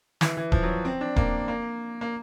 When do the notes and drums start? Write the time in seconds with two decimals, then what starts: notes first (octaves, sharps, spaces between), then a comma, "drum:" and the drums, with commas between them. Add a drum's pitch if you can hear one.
0.21 E3, drum: snare
0.37 E3
0.52 F3, drum: kick D#1
0.63 F#3
0.85 C4
1.01 D4
1.16 A#3, drum: kick D#1
1.48 A#3
2.01 A#3